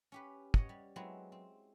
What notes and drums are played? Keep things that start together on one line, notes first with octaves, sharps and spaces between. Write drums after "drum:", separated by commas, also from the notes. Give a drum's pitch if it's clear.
C#4 G4 B4
C#5 D#5 F#5, drum: kick
G3
F#3 G#3 B3 C4 E4
C4